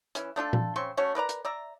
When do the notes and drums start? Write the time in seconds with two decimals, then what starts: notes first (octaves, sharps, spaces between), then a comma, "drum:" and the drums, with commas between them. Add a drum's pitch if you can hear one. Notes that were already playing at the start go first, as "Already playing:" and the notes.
0.15 E3 C#4, drum: hi-hat
0.36 A3 D4 F4 A4
0.53 drum: tom A#2
0.76 C#3 C4 C6 C#6
0.97 A3 C#4 F#4 C#5
1.15 A#4 B4 D5 A#5
1.29 drum: hi-hat
1.45 D5 E5 A#5